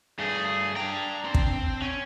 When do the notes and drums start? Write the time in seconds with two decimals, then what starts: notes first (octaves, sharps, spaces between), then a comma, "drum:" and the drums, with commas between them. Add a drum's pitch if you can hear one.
0.19 G2 A3 G#4
0.76 D4 G5 A#5
1.25 C4 C6
1.35 drum: kick
1.82 C#4